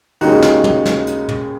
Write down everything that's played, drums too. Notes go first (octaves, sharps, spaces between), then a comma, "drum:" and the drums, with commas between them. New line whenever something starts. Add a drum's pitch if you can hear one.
D#2 C#3 G#3 D#4 F#4, drum: open hi-hat
drum: snare
drum: tom
drum: snare
drum: hi-hat
drum: tom